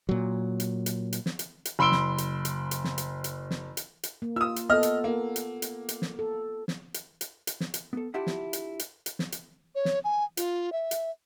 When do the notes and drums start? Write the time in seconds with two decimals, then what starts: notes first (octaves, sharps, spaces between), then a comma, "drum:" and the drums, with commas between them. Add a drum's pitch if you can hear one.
0.09 A#2 F#3
0.60 drum: hi-hat
0.86 drum: hi-hat
1.13 drum: hi-hat
1.26 drum: snare
1.39 drum: hi-hat
1.65 drum: hi-hat
1.79 F#1 B5 C6 E6 D7 G7
1.92 drum: snare
2.18 drum: hi-hat
2.45 drum: hi-hat
2.71 drum: hi-hat
2.84 drum: snare
2.98 drum: hi-hat
3.24 drum: hi-hat
3.51 drum: snare
3.77 drum: hi-hat
4.03 drum: hi-hat
4.22 A#3
4.36 F4 D#6 E6
4.56 drum: hi-hat
4.70 B3 A4 D#5 F6
4.83 drum: hi-hat
5.04 A#3 A4
5.36 drum: hi-hat
5.62 drum: hi-hat
5.89 drum: hi-hat
6.02 drum: snare
6.19 A4
6.68 drum: snare
6.94 drum: hi-hat
7.21 drum: hi-hat
7.47 drum: hi-hat
7.60 drum: snare
7.74 drum: hi-hat
7.93 B3 A4
8.14 D4 E4 F4 G4 E5 F#5
8.27 drum: snare
8.53 drum: hi-hat
8.79 drum: hi-hat
9.06 drum: hi-hat
9.19 drum: snare
9.32 drum: hi-hat
9.75 C#5
9.85 drum: snare
10.04 G#5
10.37 F4, drum: hi-hat
10.72 E5
10.91 drum: hi-hat